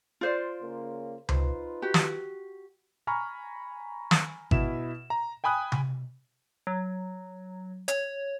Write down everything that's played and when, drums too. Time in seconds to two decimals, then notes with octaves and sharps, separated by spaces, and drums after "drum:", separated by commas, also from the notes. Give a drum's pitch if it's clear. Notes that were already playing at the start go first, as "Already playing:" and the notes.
0.21 F4 C5 D5
0.62 C#3 A#3
1.29 D#4 F4 B4 C5, drum: tom C#2
1.82 F#4 G4
1.94 drum: snare
3.07 G#5 A#5 B5 C#6 F6
4.11 drum: snare
4.51 B2 E4 E5 E7, drum: kick G#1
5.10 A#5
5.44 G5 G#5 B5 D#6 F#6
5.72 drum: tom C3
6.67 F#3
7.88 C#5, drum: hi-hat